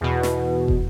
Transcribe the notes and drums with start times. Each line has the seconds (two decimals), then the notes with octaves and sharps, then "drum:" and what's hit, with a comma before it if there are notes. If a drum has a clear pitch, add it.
0.01 E2 B2
0.23 drum: snare
0.68 drum: kick